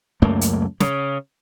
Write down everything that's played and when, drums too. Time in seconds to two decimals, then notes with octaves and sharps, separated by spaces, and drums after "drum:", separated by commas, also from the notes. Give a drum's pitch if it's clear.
0.22 C#2 F#2 A3 A#3
0.41 drum: hi-hat
0.80 C#3, drum: snare